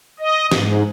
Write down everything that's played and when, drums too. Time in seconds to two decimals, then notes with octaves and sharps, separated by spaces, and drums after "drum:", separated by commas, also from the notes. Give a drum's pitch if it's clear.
0.19 D#5
0.51 G#2, drum: snare